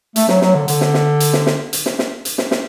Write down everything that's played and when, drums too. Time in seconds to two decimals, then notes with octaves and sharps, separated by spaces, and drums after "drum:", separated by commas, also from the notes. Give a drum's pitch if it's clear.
0.16 A3, drum: hi-hat
0.28 F#3, drum: snare
0.42 F#3, drum: snare
0.55 D3
0.68 D3, drum: hi-hat
0.81 drum: snare
0.94 drum: snare
1.20 drum: hi-hat
1.33 drum: snare
1.46 drum: snare
1.73 drum: hi-hat
1.86 drum: snare
1.99 drum: snare
2.25 drum: hi-hat
2.38 drum: snare
2.51 drum: snare